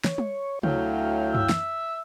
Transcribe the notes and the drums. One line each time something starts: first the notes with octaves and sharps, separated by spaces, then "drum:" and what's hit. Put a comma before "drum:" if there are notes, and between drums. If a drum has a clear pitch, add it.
C#5, drum: snare
drum: tom
D2 F#3 E4 F5 G5, drum: tom
E5 E6, drum: tom
drum: snare